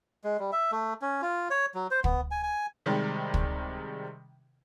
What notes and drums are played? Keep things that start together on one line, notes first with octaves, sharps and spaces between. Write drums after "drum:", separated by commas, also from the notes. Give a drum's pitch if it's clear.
G#3
G3
E5
A3
C#4
F4
C#5
F#3
C5
B3, drum: kick
G#5
G#5
C3 D#3 G3 G#3
drum: kick